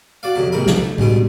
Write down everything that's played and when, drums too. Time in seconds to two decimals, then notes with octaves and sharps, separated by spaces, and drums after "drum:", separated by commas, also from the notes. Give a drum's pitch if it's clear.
0.23 F#4 D5 F5
0.35 F2 C3 F#3
0.52 A#1 G#2 C3 A#4 B5
0.66 drum: snare
0.76 A3
0.98 C#2 G2 B2 B3, drum: tom A2